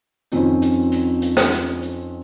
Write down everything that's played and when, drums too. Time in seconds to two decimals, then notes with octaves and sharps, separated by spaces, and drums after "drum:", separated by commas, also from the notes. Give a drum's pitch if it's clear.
0.32 F2 D#3 C4 C#4 F4 D#5, drum: hi-hat
0.62 drum: hi-hat
0.92 drum: hi-hat
1.22 drum: hi-hat
1.37 drum: rim click
1.52 drum: hi-hat
1.82 drum: hi-hat